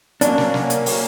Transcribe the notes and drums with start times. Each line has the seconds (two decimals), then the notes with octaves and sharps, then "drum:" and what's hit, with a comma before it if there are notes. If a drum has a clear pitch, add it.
0.21 F#3 A#3 C#4 D4, drum: hi-hat
0.38 drum: snare
0.54 drum: snare
0.70 drum: hi-hat
0.86 drum: open hi-hat